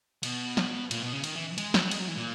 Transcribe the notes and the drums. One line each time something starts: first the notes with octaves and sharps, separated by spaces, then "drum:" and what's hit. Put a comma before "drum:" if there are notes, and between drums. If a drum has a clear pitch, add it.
B2, drum: cymbal
drum: snare
A#2, drum: cymbal
B2
C#3
D#3, drum: cymbal
E3
G#3, drum: cymbal
F#3, drum: snare
G#3, drum: cymbal
F#3
E3
A#2